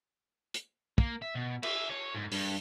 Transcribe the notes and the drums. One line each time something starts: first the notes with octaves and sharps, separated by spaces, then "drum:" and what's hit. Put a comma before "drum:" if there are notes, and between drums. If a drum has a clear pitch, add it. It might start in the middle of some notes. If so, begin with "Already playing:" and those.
drum: hi-hat
A#3, drum: kick
E5
B2
E5, drum: cymbal
C#5
G#2
G2, drum: open hi-hat